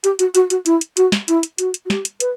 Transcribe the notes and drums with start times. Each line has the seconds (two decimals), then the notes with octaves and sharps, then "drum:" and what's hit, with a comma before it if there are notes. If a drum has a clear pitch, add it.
0.04 G4, drum: hi-hat
0.19 F#4, drum: hi-hat
0.35 F#4, drum: hi-hat
0.50 F#4, drum: hi-hat
0.66 E4, drum: hi-hat
0.81 drum: hi-hat
0.97 F#4, drum: hi-hat
1.12 drum: snare
1.28 E4, drum: hi-hat
1.43 drum: hi-hat
1.58 F#4, drum: hi-hat
1.74 drum: hi-hat
1.85 F#4
1.90 G4, drum: snare
2.05 drum: hi-hat
2.20 B4, drum: hi-hat